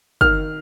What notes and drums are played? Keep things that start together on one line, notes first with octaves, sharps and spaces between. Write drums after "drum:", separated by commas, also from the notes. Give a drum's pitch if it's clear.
D#3 F6, drum: kick